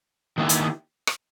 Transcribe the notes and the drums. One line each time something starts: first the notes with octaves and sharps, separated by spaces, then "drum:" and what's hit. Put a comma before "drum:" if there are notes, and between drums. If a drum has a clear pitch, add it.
D#3 A#3 E4 G4
drum: hi-hat
drum: rim click